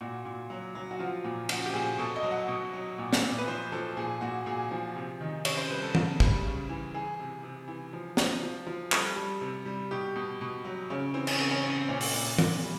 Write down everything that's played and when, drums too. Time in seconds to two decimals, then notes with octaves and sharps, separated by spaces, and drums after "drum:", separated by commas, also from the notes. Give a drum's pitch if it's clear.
0.01 A#2 F#4
0.25 A#2
0.50 F#3
0.75 F#3
0.91 F#4
0.99 F3 F4
1.24 A#2
1.49 F3 F#4, drum: cymbal
1.66 G4
1.74 A#2 G#4
1.98 B2 A4
2.16 D#5
2.23 F#3
2.31 F#5
2.48 B2
2.73 F#3
2.98 A#2
3.13 drum: snare
3.23 A#2
3.38 B4
3.47 F3 C5
3.72 F3 A4
3.97 A#2 G#4
4.21 A#2 F#4
4.46 A#2 G#4
4.71 F3
4.96 C3
5.21 D#3
5.45 C3 C#5, drum: cymbal
5.58 C5
5.70 G3 B4
5.82 A4
5.95 C#3, drum: tom
6.20 G3, drum: kick
6.44 C#3
6.69 E3
6.94 E3 G#4
7.19 C3
7.43 C3
7.68 E3
7.93 F3
8.17 F3, drum: snare
8.43 F3
8.67 F3
8.92 G3 A4, drum: clap
9.16 G3
9.41 C3
9.66 G3
9.91 B2 G4
10.16 B2
10.41 B2
10.65 F#3
10.90 C#3 C#4
11.14 E3 C4
11.27 C#4, drum: cymbal
11.39 C#3 C4
11.51 C#4
11.63 C#3 C4
11.81 C4
11.89 A#2 C#4
12.01 drum: open hi-hat
12.14 A#2
12.38 A#2, drum: tom
12.64 G3